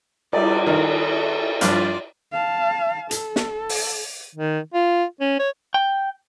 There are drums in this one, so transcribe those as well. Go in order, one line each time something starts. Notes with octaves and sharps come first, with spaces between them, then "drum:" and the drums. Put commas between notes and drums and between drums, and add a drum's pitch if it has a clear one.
G3 D5, drum: cymbal
D#3 A4
G2 F3 F4 D5, drum: hi-hat
F5 A5
A4, drum: hi-hat
drum: snare
drum: open hi-hat
D#3
F4
C#4
C#5
G5